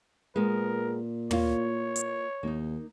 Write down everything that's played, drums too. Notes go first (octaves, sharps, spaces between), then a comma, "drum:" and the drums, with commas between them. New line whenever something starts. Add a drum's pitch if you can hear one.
A#2 G#3 B3 A#4
A#3 F4 C#5, drum: tom
drum: hi-hat
D#2 A#3 D#4